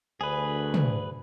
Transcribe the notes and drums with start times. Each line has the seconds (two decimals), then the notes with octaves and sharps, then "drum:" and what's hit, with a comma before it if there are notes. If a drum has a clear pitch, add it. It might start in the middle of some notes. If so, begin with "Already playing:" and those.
0.21 D2 G#4 B4
0.74 drum: tom